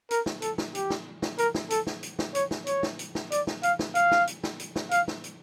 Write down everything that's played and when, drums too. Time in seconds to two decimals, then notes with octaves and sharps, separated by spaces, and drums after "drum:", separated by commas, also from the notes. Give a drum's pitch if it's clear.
0.11 A#4, drum: hi-hat
0.26 drum: snare
0.42 A4, drum: hi-hat
0.58 drum: snare
0.75 G4, drum: hi-hat
0.90 drum: snare
1.22 drum: snare
1.38 A#4, drum: hi-hat
1.54 drum: snare
1.70 A4, drum: hi-hat
1.87 drum: snare
2.03 drum: hi-hat
2.19 drum: snare
2.35 C#5, drum: hi-hat
2.51 drum: snare
2.67 C#5, drum: hi-hat
2.83 drum: snare
2.99 drum: hi-hat
3.15 drum: snare
3.32 D5, drum: hi-hat
3.47 drum: snare
3.63 F5, drum: hi-hat
3.79 drum: snare
3.95 F5, drum: hi-hat
4.11 drum: snare
4.27 drum: hi-hat
4.43 drum: snare
4.60 drum: hi-hat
4.76 drum: snare
4.91 F5, drum: hi-hat
5.08 drum: snare
5.24 drum: hi-hat